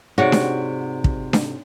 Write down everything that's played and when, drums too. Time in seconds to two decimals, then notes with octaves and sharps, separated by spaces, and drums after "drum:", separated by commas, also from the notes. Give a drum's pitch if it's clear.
0.18 G#2 C3 F#4 G#4 C#5 D5 E5 D7
0.32 drum: snare D4
1.04 drum: kick
1.33 drum: snare D4